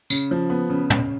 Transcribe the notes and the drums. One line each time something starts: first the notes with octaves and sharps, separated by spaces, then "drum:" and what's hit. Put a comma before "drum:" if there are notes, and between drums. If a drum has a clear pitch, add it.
C#3, drum: tambourine
F3
B3
C#3
C#3, drum: tom